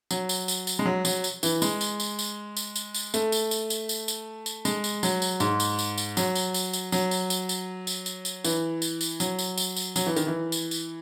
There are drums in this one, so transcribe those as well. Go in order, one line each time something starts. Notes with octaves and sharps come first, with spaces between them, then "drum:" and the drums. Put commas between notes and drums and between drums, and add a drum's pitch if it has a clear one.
F#3, drum: tambourine
drum: tambourine
drum: tambourine
drum: tambourine
G#3
F#3
F#3, drum: tambourine
drum: tambourine
E3, drum: tambourine
G#3, drum: tambourine
drum: tambourine
drum: tambourine
drum: tambourine
drum: tambourine
drum: tambourine
drum: tambourine
A3, drum: tambourine
drum: tambourine
drum: tambourine
drum: tambourine
drum: tambourine
drum: tambourine
drum: tambourine
G#3, drum: tambourine
drum: tambourine
F#3, drum: tambourine
drum: tambourine
G#2, drum: tambourine
drum: tambourine
drum: tambourine
drum: tambourine
F#3, drum: tambourine
drum: tambourine
drum: tambourine
drum: tambourine
F#3, drum: tambourine
drum: tambourine
drum: tambourine
drum: tambourine
drum: tambourine
drum: tambourine
drum: tambourine
E3, drum: tambourine
drum: tambourine
drum: tambourine
F#3, drum: tambourine
drum: tambourine
drum: tambourine
drum: tambourine
F#3, drum: tambourine
E3
D#3, drum: tambourine
E3
drum: tambourine
drum: tambourine